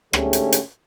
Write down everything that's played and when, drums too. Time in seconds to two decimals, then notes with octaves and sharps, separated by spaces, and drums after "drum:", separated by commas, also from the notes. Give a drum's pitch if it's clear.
0.13 G#2 D3 A3 C#4 G4 G#4, drum: rim click
0.33 drum: hi-hat
0.52 drum: hi-hat